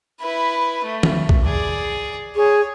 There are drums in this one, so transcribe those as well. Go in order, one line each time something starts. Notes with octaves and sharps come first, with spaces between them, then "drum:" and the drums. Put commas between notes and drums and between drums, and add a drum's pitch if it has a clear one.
E4 B4
A3
drum: tom
drum: kick
G#4 D5
G#4 C#5